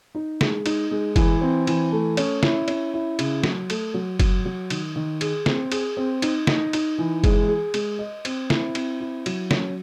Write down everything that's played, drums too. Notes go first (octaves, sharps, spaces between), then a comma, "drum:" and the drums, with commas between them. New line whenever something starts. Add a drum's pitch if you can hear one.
D#4
G#3, drum: snare
D#4, drum: cymbal
G#3
E3, drum: kick F#1, cymbal
C4
E3, drum: cymbal
A3
C#4, drum: cymbal
E4, drum: snare
C#4, drum: cymbal
E4
C#3, drum: cymbal
F#3, drum: snare
A3, drum: cymbal
F#3
F#3, drum: kick F#1, cymbal
F#3
D#3, drum: cymbal
D#3
G#4, drum: cymbal
C4, drum: snare
G#4, drum: cymbal
C4
D#4, drum: cymbal
D#4, drum: snare
D#4, drum: cymbal
E3
G#3, drum: kick F#1, cymbal
G#4
G#3, drum: cymbal
D#5
C4, drum: cymbal
E4, drum: snare
C4, drum: cymbal
E4
F#3, drum: cymbal
C#4, drum: snare